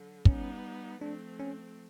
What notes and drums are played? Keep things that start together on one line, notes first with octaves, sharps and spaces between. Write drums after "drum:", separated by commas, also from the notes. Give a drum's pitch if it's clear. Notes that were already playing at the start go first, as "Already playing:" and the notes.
Already playing: D3 F#3
G3 B3 C#4 D#4, drum: kick
F3 A3 C4 D4
C#4